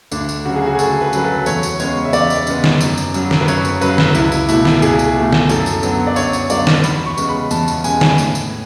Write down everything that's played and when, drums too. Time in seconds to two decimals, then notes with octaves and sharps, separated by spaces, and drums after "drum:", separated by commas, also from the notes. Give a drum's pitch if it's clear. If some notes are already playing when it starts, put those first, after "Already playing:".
0.11 D2 D4, drum: tambourine
0.29 drum: tambourine
0.45 C#3 F#3 F#4
0.56 G#4
0.66 F#4
0.75 G#4
0.79 D2 A4, drum: tambourine
1.01 B4
1.13 C#3 F#3 B4, drum: tambourine
1.24 A4
1.46 E2 C#5, drum: tambourine
1.63 drum: tambourine
1.80 C#3 G#3 B3 C#5, drum: tambourine
2.05 E5
2.13 E2 D5, drum: tambourine
2.30 drum: tambourine
2.47 C#3 G#3 B3, drum: tambourine
2.64 drum: snare
2.81 F#2, drum: tambourine
2.97 drum: tambourine
3.14 C#3 F#3, drum: tambourine
3.31 drum: snare
3.41 B4
3.48 F#2 C#5, drum: tambourine
3.65 drum: tambourine
3.81 C#3 F#3 B4, drum: tambourine
3.98 drum: snare
4.15 C#2 E4, drum: tambourine
4.32 drum: tambourine
4.49 B2 A3 E4, drum: tambourine
4.65 drum: snare
4.82 C#2 G#4, drum: tambourine
4.99 drum: tambourine
5.16 B2 A3
5.33 drum: snare
5.49 F#2 A4, drum: tambourine
5.66 drum: tambourine
5.83 D3 F#3 B3, drum: tambourine
6.07 D5
6.16 F#2 C#5, drum: tambourine
6.33 drum: tambourine
6.50 D3 F#3 B3 D5, drum: tambourine
6.67 drum: snare
6.84 E2 B5, drum: tambourine
7.06 C#6
7.17 C#3 G#3 B3, drum: tambourine
7.29 B5
7.51 E2 A5, drum: tambourine
7.68 drum: tambourine
7.84 C#3 G#3 B3 G#5, drum: tambourine
8.01 drum: snare
8.18 A2, drum: tambourine
8.35 drum: tambourine